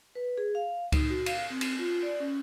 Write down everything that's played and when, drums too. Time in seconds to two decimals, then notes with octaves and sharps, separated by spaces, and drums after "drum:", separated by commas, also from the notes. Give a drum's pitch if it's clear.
0.15 B4
0.37 G#4
0.55 F5
0.92 D#4, drum: kick C#2, cymbal
1.10 F#4
1.26 F5, drum: cymbal
1.50 C4
1.61 drum: cymbal
1.79 F4
2.03 D5
2.20 C#4